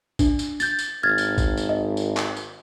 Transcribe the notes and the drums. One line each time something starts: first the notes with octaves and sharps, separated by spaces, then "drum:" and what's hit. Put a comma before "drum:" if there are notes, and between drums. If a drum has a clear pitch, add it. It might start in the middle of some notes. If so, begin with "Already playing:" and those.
D4, drum: kick, tambourine
drum: tambourine
G6 A6, drum: tambourine
drum: tambourine
G#1 F6 G#6 A6
drum: tambourine
drum: kick, tambourine
drum: tambourine
D#5
drum: tambourine
drum: clap
drum: tambourine